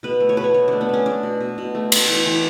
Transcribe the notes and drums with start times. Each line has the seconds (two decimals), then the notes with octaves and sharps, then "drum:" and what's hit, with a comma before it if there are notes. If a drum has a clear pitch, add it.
0.03 B2 B4
0.20 A3
0.29 C#5
0.37 B2 B4
0.44 C#5
0.54 A3 C#5
0.68 A3 D4
0.81 B3
0.89 A3 C#4
1.06 A3 D4
1.23 B2
1.40 B2
1.58 B2
1.75 A3
1.92 A3, drum: cymbal
2.08 E3
2.26 E3